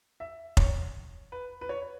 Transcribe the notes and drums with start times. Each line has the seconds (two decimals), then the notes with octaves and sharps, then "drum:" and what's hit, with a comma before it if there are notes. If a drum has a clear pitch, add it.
0.20 E5
0.57 C#5, drum: kick
1.32 B4
1.61 B4
1.69 C#5